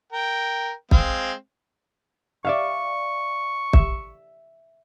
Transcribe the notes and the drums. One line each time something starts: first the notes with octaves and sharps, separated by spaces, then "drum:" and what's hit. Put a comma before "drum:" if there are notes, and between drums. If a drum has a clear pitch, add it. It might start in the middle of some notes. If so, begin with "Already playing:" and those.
A#4 G5
G#3 C4 F5, drum: kick
D5 E5 F5 C#6
E5, drum: kick